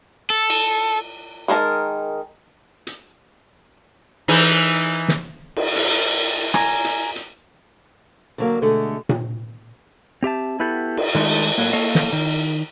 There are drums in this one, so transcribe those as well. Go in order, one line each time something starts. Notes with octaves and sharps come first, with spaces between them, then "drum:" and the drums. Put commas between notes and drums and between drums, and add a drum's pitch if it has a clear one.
A4
drum: cymbal
D#3 G#3 A#4 A5
drum: hi-hat
E3 D#4, drum: open hi-hat
drum: snare
drum: cymbal
drum: open hi-hat
G#5 A#5, drum: rim click
drum: hi-hat
drum: hi-hat
D3 F#3 A#3
B2 D3 G#3 A3
drum: tom A#2
C4 G4 E5 A5
B3 E4 F#4 G4 A4
drum: cymbal
D#3 G#3 A3 D#4
A2 F#3 A#3
A#3 A4 C#5 D#5 F5
drum: snare
D#3